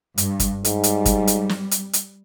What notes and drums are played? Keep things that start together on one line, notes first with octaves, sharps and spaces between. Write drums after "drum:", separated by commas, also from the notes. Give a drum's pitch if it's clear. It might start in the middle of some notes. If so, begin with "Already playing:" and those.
G2, drum: hi-hat
drum: kick, hi-hat
G#2 G3, drum: hi-hat
drum: hi-hat
drum: kick, hi-hat
drum: hi-hat
drum: snare
drum: hi-hat
drum: hi-hat